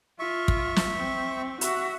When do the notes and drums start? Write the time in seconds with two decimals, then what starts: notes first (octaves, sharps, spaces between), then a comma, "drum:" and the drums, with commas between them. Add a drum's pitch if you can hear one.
0.20 F4 E5 C#6
0.48 drum: kick
0.76 drum: snare
0.96 C4
1.61 F#4 E5, drum: hi-hat